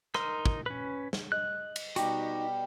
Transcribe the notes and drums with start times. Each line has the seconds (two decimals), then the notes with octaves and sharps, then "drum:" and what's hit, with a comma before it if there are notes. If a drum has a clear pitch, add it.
0.14 D#4 A#4 C6, drum: rim click
0.46 drum: kick
0.66 C#4 B4
1.13 drum: snare
1.32 D#5 F#6
1.76 drum: cymbal
1.96 B2 G3 D#4 F#4 G4, drum: hi-hat